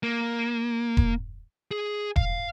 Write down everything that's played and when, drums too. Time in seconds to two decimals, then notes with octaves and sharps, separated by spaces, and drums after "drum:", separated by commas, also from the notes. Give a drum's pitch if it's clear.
0.03 A#3
0.97 drum: kick E1
1.71 G#4
2.16 F5, drum: kick E1